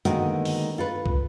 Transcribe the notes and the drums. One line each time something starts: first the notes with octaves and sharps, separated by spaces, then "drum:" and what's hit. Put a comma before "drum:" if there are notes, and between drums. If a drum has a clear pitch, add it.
D3 D#3 G#3 A#3 B3 F#4, drum: hi-hat
drum: open hi-hat
F4 A4 B4
drum: kick